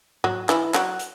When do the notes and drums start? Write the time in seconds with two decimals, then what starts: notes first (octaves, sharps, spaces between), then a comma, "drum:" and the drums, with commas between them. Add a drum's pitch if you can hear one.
0.24 F#3 F#4, drum: tom G#2
0.49 E3 E4, drum: clap
0.74 F#3 F#4, drum: clap
0.99 drum: hi-hat